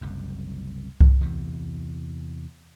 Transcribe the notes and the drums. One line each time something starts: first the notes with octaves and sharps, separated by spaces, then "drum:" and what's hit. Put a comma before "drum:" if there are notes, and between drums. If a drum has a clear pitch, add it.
F#1 C2 F#2
drum: kick C2
E2 C3 E3